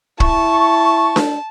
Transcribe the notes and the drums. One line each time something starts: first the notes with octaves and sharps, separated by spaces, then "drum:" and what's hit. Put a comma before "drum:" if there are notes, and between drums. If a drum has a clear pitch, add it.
E4 A5 C#6, drum: kick
drum: snare D4